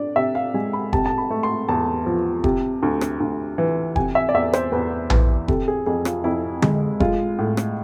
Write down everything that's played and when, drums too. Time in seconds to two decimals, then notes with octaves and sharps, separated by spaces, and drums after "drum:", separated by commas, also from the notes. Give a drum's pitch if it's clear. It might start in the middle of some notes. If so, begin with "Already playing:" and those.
Already playing: D4 D5
0.16 C3 E5
0.35 F5
0.54 G#3 G#5
0.73 B5
0.93 C3 A5, drum: kick F1
1.06 A5
1.18 B5
1.31 A3
1.43 C6
1.69 E2 A5
2.06 F3
2.44 C3, drum: kick F1
2.83 D2
3.01 drum: rim click
3.20 D2
3.58 E3
3.96 C3 G#5, drum: kick F1
4.15 E5
4.29 D5
4.34 E2 E5
4.53 C5, drum: rim click
4.72 E2 B4
5.10 E3, drum: tom A#1
5.48 C3 A4, drum: kick F1
5.68 G#4
5.86 F2 G#4
6.05 F4, drum: rim click
6.24 F2 E4
6.62 G#3, drum: tom D3
7.00 G#3 F4, drum: kick F1
7.39 A2
7.57 drum: rim click